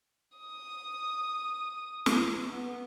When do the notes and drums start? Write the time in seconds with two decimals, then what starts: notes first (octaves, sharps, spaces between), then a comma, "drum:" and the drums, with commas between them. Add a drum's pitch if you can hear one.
0.38 D#6
2.06 drum: snare
2.51 B3